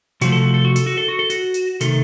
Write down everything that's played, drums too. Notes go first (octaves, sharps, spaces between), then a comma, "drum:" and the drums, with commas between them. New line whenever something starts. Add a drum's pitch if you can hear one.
C3 F3 A3 F#4, drum: hi-hat
A4
F#4
A4
F#4
A4, drum: hi-hat
F#4
A4
F#4
A4
F#4, drum: hi-hat
drum: hi-hat
C3 D#3 A3 A4, drum: hi-hat